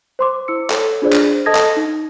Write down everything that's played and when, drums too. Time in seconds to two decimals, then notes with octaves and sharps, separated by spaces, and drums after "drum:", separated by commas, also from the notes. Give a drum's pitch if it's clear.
0.19 C5 C6 D6
0.48 E4 E6 C#7
0.70 A4 C#5, drum: clap
1.02 D4 F4 G#4 C5 D5
1.13 drum: clap
1.46 A4 D#5 A5 D#6 G#6 A#6
1.55 drum: clap
1.77 D#4